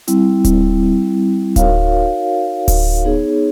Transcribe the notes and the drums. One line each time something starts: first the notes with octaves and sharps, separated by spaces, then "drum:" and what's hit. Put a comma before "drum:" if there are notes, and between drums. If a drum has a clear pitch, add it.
G3 C4 E4, drum: hi-hat
drum: kick D1, hi-hat
D#4 F#4 A#4 C#5 F5, drum: kick D1, hi-hat
drum: kick D1, open hi-hat
B3 D#4 G#4 C#5